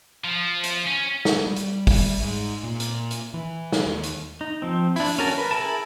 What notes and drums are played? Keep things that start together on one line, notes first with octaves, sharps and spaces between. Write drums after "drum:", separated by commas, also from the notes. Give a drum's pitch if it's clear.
F3
drum: hi-hat
C#4
drum: snare
G3
drum: hi-hat
drum: kick, open hi-hat
G#2
A#2
drum: hi-hat
drum: hi-hat
E3
drum: snare
D#2
drum: hi-hat
D#4
F3 C4
D4 E4, drum: open hi-hat
C#4 F#4 A#4 A5
A#4 B4
E4 G#4 A#4 A5